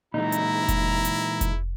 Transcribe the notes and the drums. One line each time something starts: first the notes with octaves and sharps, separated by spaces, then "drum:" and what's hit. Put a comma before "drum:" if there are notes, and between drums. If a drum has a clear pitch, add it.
A#2 E3 G#3 D#4 E4 A#5
drum: hi-hat
drum: kick F1, hi-hat
drum: hi-hat
drum: kick F1, hi-hat